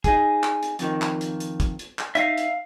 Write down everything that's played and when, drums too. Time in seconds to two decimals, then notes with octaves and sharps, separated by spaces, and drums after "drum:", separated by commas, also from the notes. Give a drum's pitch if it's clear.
0.04 D#4 G#4, drum: kick, hi-hat
0.43 drum: clap
0.63 drum: hi-hat
0.79 F2 D#3, drum: hi-hat
1.02 drum: clap
1.21 drum: hi-hat
1.40 drum: hi-hat
1.60 drum: kick, hi-hat
1.79 drum: hi-hat
1.99 drum: clap
2.15 D#4 E5 F5, drum: hi-hat
2.38 drum: hi-hat